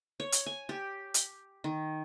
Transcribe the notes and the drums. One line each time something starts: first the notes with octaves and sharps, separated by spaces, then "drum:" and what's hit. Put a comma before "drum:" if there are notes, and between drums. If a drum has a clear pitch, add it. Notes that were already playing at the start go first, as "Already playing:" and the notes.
C#5
drum: hi-hat
G#5
G4
drum: hi-hat
D#3